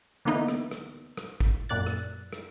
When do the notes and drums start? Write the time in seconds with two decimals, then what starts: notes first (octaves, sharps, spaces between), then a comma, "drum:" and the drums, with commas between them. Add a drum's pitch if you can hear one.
0.25 D3 E3 A#3 B3 D#4 E4
0.48 drum: rim click
0.71 drum: rim click
1.17 drum: rim click
1.40 drum: kick G#1
1.69 F#2 A#2 D5 F#6 A6
1.87 drum: rim click
2.33 drum: rim click